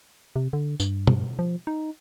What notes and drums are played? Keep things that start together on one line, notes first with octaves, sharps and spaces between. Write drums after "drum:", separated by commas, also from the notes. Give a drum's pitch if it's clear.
C3
D3
G2, drum: tambourine
drum: tom
F3
D#4